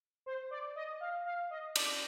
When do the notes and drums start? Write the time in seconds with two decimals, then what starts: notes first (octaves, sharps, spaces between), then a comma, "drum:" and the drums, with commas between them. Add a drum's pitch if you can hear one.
0.26 C5
0.51 D5
0.76 D#5
1.01 F5
1.25 F5
1.51 D#5
1.76 D5, drum: cymbal